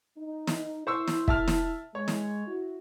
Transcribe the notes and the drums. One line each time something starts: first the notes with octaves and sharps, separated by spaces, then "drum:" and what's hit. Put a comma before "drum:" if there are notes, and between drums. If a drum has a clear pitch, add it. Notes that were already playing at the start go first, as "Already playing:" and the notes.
D#4
drum: snare
E4 C5 C#6 E6
drum: snare
E5 A5 F6, drum: kick
drum: snare
G#3 C#5
drum: snare
E4 F#4